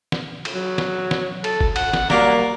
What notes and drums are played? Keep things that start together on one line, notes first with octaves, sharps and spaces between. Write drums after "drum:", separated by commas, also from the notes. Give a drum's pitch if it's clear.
drum: snare
drum: cymbal
F#3
drum: snare
drum: snare
A4, drum: cymbal
drum: kick
F#5, drum: cymbal
drum: snare
F#3 G3 A#3 D5, drum: snare